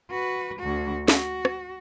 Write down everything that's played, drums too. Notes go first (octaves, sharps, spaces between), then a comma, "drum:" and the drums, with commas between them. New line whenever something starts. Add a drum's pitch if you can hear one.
F#4 B4
D2 F#4
F#4, drum: snare
drum: rim click